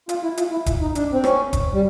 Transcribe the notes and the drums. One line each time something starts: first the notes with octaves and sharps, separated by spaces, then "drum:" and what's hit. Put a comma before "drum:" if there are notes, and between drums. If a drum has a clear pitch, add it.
F4, drum: hi-hat
E4
F4, drum: hi-hat
E4
drum: kick E1, hi-hat
D#4
D4, drum: hi-hat
C4
C#4, drum: rim click
drum: kick E1, hi-hat
G3